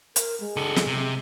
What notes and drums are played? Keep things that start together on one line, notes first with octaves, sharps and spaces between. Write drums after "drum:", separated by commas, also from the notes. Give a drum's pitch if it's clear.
A#4, drum: hi-hat
G#3
C#2 A4
drum: snare
C3